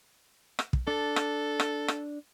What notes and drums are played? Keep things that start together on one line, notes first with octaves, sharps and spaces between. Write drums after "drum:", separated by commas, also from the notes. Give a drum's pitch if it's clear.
drum: rim click
drum: kick
D4 A4 A5
drum: rim click
drum: rim click
drum: rim click